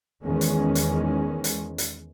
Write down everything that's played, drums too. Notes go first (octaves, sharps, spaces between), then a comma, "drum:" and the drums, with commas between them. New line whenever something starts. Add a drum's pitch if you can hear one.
E2 D#3 G#3 C#4
drum: hi-hat
drum: hi-hat
drum: hi-hat
drum: hi-hat